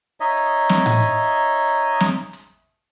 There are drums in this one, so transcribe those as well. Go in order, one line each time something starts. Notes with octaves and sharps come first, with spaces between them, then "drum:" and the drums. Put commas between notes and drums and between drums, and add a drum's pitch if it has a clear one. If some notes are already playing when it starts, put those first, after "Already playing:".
D#4 C#5 D#5 E5
drum: hi-hat
drum: snare
drum: tom A2
drum: hi-hat
drum: hi-hat
drum: snare
drum: hi-hat